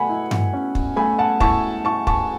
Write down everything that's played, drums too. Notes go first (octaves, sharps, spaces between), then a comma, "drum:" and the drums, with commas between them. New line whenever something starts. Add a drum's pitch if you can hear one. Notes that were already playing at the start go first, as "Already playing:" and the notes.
Already playing: B2 A3 F#5 G#5 B5
E4
drum: tom G2
C#4
drum: kick
A3 G#5 B5
F#5 A5
E4 A5 C#6, drum: kick
E4 A5 C#6
A5 C#6, drum: kick